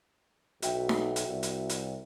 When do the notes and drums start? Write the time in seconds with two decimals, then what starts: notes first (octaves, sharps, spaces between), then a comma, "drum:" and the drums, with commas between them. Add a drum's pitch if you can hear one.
0.62 B1 F#4 E5 G5, drum: hi-hat
0.89 drum: snare D#4
1.16 drum: hi-hat
1.28 C2
1.43 drum: hi-hat
1.69 drum: hi-hat